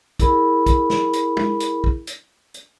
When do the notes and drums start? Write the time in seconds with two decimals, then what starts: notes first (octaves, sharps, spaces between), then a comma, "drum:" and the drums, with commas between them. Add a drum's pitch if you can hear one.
0.19 E4 G#4 A#4 B5, drum: kick, hi-hat
0.66 drum: kick, hi-hat
0.90 drum: snare
1.13 drum: hi-hat
1.37 drum: tom
1.60 drum: hi-hat
1.84 drum: kick
2.07 drum: hi-hat
2.54 drum: hi-hat